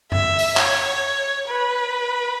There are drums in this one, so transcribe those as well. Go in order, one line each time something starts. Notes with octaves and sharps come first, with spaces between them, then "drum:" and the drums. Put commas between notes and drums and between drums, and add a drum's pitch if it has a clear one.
E5, drum: tom F#2
drum: open hi-hat
C#5, drum: clap
B4